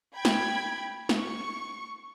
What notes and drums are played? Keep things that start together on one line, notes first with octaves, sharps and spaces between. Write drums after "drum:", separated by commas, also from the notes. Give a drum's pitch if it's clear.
G5 B5 G#6
drum: snare
C#6, drum: snare